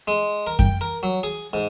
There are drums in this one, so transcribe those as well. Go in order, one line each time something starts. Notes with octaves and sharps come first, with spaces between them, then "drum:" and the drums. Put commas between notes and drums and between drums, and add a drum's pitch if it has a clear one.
G#3
A#4
G5, drum: kick F#2
A#4
F#3
G#4
G#2